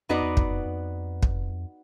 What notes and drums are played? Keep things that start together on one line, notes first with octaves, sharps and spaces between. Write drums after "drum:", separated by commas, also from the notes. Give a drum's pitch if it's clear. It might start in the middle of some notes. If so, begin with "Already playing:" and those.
F2 B3 D#4 F#4 B4 D5
E2
F2, drum: kick
F2
F2
drum: kick